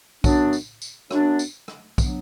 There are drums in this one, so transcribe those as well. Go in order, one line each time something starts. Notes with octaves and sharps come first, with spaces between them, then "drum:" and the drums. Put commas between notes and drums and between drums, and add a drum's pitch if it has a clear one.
F#2 F#3 B3 D4, drum: kick B1, tambourine
drum: tambourine
drum: tambourine
F#2 F#3 B3 D4, drum: rim click
drum: tambourine
drum: rim click
F#3 B3 D4, drum: kick B1, tambourine